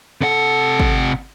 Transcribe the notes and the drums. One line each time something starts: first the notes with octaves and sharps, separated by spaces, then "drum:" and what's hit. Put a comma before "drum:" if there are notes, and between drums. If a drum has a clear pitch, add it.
C3 A4 F#5
drum: kick